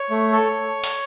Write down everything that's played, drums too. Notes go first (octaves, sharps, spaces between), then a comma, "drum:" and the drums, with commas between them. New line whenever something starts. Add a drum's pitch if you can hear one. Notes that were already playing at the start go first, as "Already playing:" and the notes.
Already playing: C#5
A3
A4
drum: open hi-hat